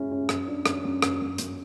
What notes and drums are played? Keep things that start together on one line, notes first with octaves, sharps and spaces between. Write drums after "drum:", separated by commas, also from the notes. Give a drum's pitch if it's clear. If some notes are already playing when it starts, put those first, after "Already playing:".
Already playing: G#3 C#4 E4
C#4
F#2, drum: rim click
D4
F#2, drum: rim click
F#2
F#2, drum: rim click
F#2
F#2, drum: hi-hat